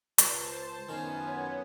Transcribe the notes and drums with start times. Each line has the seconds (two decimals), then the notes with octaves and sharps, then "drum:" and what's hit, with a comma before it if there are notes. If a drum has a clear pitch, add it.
0.18 C#2 C5 A5, drum: hi-hat
0.89 F#2 D#3 B3 C#4 F4 G#5
1.26 C#5